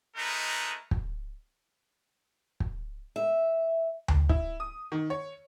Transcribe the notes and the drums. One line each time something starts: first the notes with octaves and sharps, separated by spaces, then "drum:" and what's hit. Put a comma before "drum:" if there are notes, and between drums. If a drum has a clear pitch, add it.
G#3 A3 D#4 A#4 B4
drum: kick
drum: kick
E5
drum: tom D2
E4, drum: kick
D#6
D#3
C#5